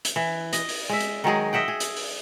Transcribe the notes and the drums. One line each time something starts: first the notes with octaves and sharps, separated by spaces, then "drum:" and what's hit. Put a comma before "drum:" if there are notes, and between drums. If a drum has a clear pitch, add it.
drum: hi-hat
E3
D#5, drum: hi-hat
drum: open hi-hat
G#3 E5
drum: hi-hat
D#3 F#3 G#3 G#4
D#5 E5 F#5 G5
G#4
drum: hi-hat
drum: open hi-hat